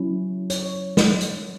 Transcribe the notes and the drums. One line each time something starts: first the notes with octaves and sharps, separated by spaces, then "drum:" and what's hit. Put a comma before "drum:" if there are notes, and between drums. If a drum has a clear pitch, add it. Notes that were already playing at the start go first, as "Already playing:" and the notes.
Already playing: F#3 C#4 E4
C#5, drum: hi-hat
drum: snare
drum: hi-hat